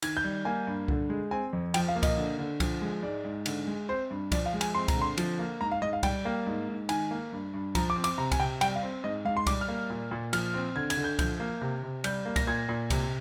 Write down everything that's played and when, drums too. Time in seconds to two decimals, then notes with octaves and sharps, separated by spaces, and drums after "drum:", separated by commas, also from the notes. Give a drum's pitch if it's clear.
0.02 D#3 G#6, drum: cymbal
0.17 G6
0.24 G3
0.45 A#3 G#5
0.67 G2
0.88 D3, drum: kick C2
1.10 G#3
1.31 C4 G#5
1.53 F2
1.74 F3 G5, drum: cymbal
1.88 F5
1.96 A#3
2.03 D#5, drum: kick C2, cymbal
2.17 D3
2.39 D3
2.60 F3, drum: kick C2, cymbal
2.82 G#3
3.03 G#2 D5
3.25 G#2
3.46 D3, drum: cymbal
3.67 G#3
3.89 C4 C5
4.11 G2
4.32 F3 D5, drum: kick C2, cymbal
4.46 F5
4.54 G#3
4.61 G#5, drum: cymbal
4.75 C4 C6
4.88 A#5, drum: kick C2, cymbal
4.96 D3
5.02 C6
5.18 F3, drum: cymbal
5.39 A#3
5.61 G#2 A#5
5.72 F5
5.82 G#2 D#5
5.93 F5
6.03 G3 G5, drum: kick C2, cymbal
6.25 A#3
6.46 G#2
6.68 G#2
6.89 D#3 G#5, drum: cymbal
7.11 A#3
7.32 G2
7.54 G2
7.75 F3 A#5, drum: kick C2, cymbal
7.90 D6
7.96 C4
8.04 D6, drum: cymbal
8.18 C3 A#5
8.32 G#5, drum: kick C2, cymbal
8.40 C3 G5
8.61 G3 G5, drum: cymbal
8.75 F5
8.83 C4
9.04 G#2 D#5
9.25 G#2 F5
9.37 C6
9.47 G3 D6, drum: kick C2, cymbal
9.61 F6
9.68 A#3
9.90 A#2
10.11 A#2
10.33 F3 F6, drum: cymbal
10.54 C4
10.75 D3 G#6
10.90 G#6, drum: cymbal
10.97 D3
11.04 G6
11.19 F3 G6, drum: kick C2, cymbal
11.40 A#3
11.61 C3
11.83 C3
12.04 G3 G6, drum: cymbal
12.25 A#3
12.36 A#6, drum: kick C2, cymbal
12.47 A#2 G#6
12.69 A#2
12.90 C3, drum: kick C2, cymbal